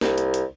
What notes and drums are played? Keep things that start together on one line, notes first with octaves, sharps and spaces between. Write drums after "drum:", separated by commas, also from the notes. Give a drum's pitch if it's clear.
C2, drum: snare
drum: hi-hat
drum: hi-hat